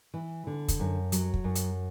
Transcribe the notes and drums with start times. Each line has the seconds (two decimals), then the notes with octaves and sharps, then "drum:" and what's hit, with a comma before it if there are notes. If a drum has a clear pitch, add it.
0.14 E3
0.47 D3
0.68 drum: kick, hi-hat
0.80 F#2
1.12 F#3, drum: hi-hat
1.34 drum: kick
1.44 F#2
1.55 drum: hi-hat